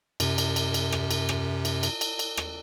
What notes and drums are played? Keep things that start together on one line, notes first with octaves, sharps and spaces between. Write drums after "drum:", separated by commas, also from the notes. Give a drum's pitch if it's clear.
F#2 C3, drum: cymbal
drum: cymbal
drum: cymbal
drum: cymbal
drum: rim click
drum: cymbal
drum: rim click
drum: cymbal
drum: cymbal
drum: cymbal
drum: cymbal
drum: rim click